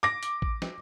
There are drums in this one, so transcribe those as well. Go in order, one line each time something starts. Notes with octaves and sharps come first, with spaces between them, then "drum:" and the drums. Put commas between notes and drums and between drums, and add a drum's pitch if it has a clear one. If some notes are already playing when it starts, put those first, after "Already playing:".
D6 A#6
drum: hi-hat
drum: kick A1
drum: snare